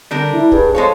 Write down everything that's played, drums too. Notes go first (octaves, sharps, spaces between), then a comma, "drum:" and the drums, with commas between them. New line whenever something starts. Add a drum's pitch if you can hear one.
D3 G3 D4 A#4
E4
G2 G#4, drum: kick
F3 G#3 A4 C#5